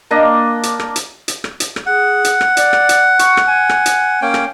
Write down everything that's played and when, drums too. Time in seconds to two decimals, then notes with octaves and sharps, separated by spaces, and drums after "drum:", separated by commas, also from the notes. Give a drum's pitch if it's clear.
0.11 A#3 D4 D#5
0.63 drum: hi-hat
0.79 drum: rim click
0.96 drum: hi-hat
1.28 drum: hi-hat
1.44 drum: rim click
1.60 drum: hi-hat
1.76 drum: rim click
1.86 G#4 F#5
2.24 drum: hi-hat
2.41 drum: rim click
2.57 D5, drum: hi-hat
2.73 drum: rim click
2.89 drum: hi-hat
3.19 C#6, drum: hi-hat
3.37 drum: rim click
3.48 G#5
3.69 drum: rim click
3.86 drum: hi-hat
4.22 A#3 C#4 G5
4.34 drum: rim click